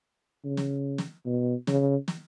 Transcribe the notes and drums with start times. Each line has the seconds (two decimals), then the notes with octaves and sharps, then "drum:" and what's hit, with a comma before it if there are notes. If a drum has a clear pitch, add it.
0.44 C#3
0.57 drum: snare
0.98 drum: snare
1.25 B2
1.67 C#3, drum: snare
2.08 drum: snare